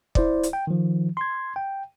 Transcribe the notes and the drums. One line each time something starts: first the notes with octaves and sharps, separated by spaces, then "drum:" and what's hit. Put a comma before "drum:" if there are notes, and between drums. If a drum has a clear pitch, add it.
E4 C5 D5, drum: kick
drum: hi-hat
G5
D#3 F3
C6 G#6
G5